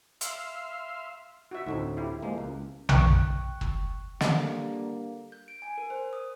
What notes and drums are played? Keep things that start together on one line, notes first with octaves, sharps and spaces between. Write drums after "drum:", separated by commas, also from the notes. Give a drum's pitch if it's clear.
E5 F5 C6, drum: hi-hat
F#4 E5
D2 A2 C4 D#4
E4 G4
F3 G#3 A#3
C#2
G5 C#6 F#6, drum: tom A#1
drum: kick
D3 G3 A#3, drum: snare
G6
D7
G#5
A#4
C5
D#6